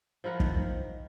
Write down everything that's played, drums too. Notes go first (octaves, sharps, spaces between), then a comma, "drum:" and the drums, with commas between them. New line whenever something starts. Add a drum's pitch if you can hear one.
F3 E4 A#4 F#5
D#3, drum: kick